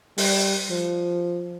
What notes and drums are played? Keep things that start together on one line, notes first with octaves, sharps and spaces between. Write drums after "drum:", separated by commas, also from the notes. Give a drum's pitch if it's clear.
G3, drum: open hi-hat
F3